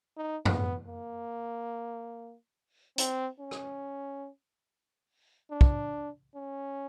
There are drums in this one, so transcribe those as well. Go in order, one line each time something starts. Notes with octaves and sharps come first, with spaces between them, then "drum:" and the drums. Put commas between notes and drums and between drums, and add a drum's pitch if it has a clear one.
D#4
B3, drum: tom F#2
A#3
C4, drum: hi-hat
C#4
drum: rim click
D4
drum: kick
C#4